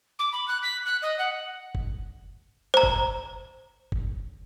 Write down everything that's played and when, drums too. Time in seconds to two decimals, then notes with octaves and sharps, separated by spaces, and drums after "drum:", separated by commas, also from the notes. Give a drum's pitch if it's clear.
0.19 D6
0.32 B5
0.48 F#6
0.63 B6
0.85 F#6
1.02 D#5
1.19 F#5
1.75 drum: kick F#1
2.74 C5 A#5
2.83 drum: kick F#1
3.92 drum: kick F#1